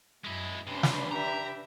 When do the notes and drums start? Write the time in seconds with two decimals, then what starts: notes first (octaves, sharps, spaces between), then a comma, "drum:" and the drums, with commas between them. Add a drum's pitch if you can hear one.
0.24 F#2 G#3 E4
0.68 D2 C3 C#4 D4 B4 C6
0.83 drum: snare
1.12 G4 E5 A#5